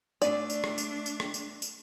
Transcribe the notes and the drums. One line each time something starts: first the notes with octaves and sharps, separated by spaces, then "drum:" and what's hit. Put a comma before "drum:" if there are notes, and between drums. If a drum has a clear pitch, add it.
A3 D4 D5, drum: tambourine
drum: tambourine
drum: rim click
drum: tambourine
drum: tambourine
drum: rim click
drum: tambourine
drum: tambourine